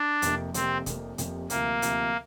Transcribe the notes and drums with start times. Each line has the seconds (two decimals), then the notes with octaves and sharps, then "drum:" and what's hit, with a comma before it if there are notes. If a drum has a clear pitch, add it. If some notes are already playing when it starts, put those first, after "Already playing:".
Already playing: D4
0.22 F1 F2 C3 A#3, drum: hi-hat
0.54 F1 F2 C3 A#3 C4, drum: hi-hat
0.86 F1 F2 C3 A#3, drum: kick, hi-hat
1.18 F1 F2 C3 A#3, drum: hi-hat
1.50 D2 C3 F3 A#3, drum: hi-hat
1.82 D2 C3 F3, drum: hi-hat